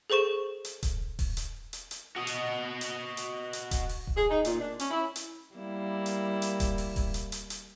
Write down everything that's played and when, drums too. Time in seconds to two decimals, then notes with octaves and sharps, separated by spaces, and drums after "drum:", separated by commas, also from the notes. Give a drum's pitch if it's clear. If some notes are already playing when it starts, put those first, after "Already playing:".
0.10 G#4 A4 C5 C#6 E7
0.65 drum: hi-hat
0.83 drum: kick D#1, hi-hat
1.19 drum: kick D#1, open hi-hat
1.37 drum: hi-hat
1.73 drum: hi-hat
1.91 drum: hi-hat
2.16 F#4 D#5
2.27 drum: hi-hat
2.81 drum: hi-hat
3.17 drum: hi-hat
3.53 drum: hi-hat
3.71 drum: kick D#1, hi-hat
3.89 drum: open hi-hat
4.07 drum: kick D#1
4.17 G#4
4.30 D#4
4.45 A#2, drum: hi-hat
4.60 D4
4.80 C#4, drum: hi-hat
4.91 E4
5.16 drum: hi-hat
5.55 G3 A#3 E4
6.06 drum: hi-hat
6.42 drum: hi-hat
6.60 drum: kick D#1, hi-hat
6.78 drum: open hi-hat
6.96 drum: kick D#1, open hi-hat
7.14 drum: hi-hat
7.32 drum: hi-hat
7.50 drum: hi-hat